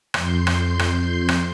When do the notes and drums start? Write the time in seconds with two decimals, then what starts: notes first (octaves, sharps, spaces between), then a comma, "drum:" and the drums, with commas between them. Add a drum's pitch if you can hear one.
0.14 F2 C6 G6, drum: rim click
0.47 drum: rim click
0.79 drum: rim click
1.28 drum: rim click